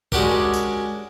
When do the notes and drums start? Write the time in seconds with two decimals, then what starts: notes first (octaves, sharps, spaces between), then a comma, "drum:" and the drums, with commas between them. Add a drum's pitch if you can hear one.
0.12 G#3 C#4 D4 F#4 G4 A#4, drum: kick A#1
0.54 drum: tambourine